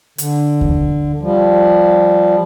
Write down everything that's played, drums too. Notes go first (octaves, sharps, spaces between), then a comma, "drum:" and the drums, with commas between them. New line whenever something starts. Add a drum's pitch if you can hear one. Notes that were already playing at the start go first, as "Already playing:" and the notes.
D3, drum: hi-hat
drum: kick D#2
F3 G3